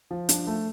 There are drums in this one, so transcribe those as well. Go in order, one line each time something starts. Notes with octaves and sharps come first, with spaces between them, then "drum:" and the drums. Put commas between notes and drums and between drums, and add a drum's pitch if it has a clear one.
F3
D4, drum: hi-hat
A3